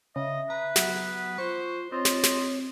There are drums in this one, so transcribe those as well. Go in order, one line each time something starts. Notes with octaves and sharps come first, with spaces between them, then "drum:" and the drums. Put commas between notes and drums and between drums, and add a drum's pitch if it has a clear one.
C#3 D#5 E5
B4 A#5
F#3 B3, drum: snare
F4 C5 C#6
C4 F4 C#5 D#5
drum: snare
drum: snare